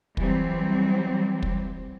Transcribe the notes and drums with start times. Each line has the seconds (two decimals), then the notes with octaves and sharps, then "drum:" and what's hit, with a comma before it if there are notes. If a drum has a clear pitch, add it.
0.17 E3 F#3 G3 C4, drum: kick
1.42 drum: kick